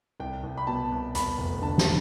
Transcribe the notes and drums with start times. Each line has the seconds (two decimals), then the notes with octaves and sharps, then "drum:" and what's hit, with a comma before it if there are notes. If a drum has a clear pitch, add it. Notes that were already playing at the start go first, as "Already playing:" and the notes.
0.20 C2 G5
0.43 C2
0.57 B5
0.67 B2 A5
0.92 C2
1.15 E2 B5, drum: hi-hat
1.38 F1
1.62 D3 A5
1.78 drum: snare